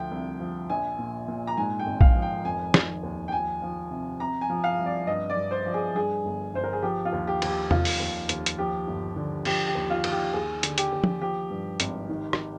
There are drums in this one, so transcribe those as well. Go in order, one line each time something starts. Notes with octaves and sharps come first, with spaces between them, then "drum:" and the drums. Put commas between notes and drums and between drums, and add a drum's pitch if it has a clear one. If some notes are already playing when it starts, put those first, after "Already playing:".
Already playing: D2 F3 G5
C2
F3
A#1 G#5
A#2
A#2
A#5
G#2 G#5
G5
G#1
F5, drum: kick A#1
F3
G5
F1 G#5
D#3, drum: snare
D#2
G5
F3 G#5
F3
C3
C3 A#5
G#5
F3
F5
C2
D5
G2 D#5
D5
G2
C5
F3
G#4
G2 G#4
G1
G1 C5
A#4
G#4
F3 G4
F4
D#2
G4
D#2, drum: cymbal
G4
F1 F4, drum: tom E2
drum: open hi-hat
D#2
D#2, drum: hi-hat
drum: hi-hat
F3 G4
G1
D3
F3 G4, drum: cymbal
G4
D#2
F4
D#2, drum: cymbal
G4
D#2 G#4
D3, drum: hi-hat
G4, drum: hi-hat
D#2
drum: tom F3
F3 G4
G2
G#1, drum: hi-hat
D#3
drum: rim click